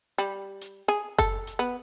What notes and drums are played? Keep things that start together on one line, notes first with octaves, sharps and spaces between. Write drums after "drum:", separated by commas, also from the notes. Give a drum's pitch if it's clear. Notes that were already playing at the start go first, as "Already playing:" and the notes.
G3
drum: hi-hat
G#4
A4, drum: kick F#1, hi-hat
drum: hi-hat
B3